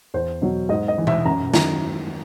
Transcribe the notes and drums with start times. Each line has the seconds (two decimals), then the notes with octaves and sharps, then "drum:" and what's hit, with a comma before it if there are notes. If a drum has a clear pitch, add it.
0.14 E2 C5
0.42 B2 F#3
0.69 G#2 D#5
0.88 D#5
0.98 E3
1.07 E5, drum: tom B2
1.25 F#2 A#5
1.54 D#3 F#3 A#5, drum: snare